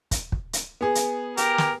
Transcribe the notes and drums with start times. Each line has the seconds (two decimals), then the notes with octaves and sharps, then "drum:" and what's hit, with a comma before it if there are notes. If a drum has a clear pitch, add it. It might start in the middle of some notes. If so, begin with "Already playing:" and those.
0.11 drum: kick, hi-hat
0.32 drum: kick
0.53 drum: hi-hat
0.81 B3 G#4
0.95 drum: hi-hat
1.37 G4 A#4, drum: hi-hat
1.58 drum: snare